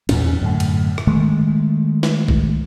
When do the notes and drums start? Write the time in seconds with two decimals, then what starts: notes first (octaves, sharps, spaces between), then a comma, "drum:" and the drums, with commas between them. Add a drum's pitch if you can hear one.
0.09 E2 A#2 C#4, drum: cymbal
0.41 F#2 A2 D3
0.60 drum: cymbal
0.98 drum: rim click
1.07 D#3 G#3 A3
2.03 drum: snare
2.28 drum: kick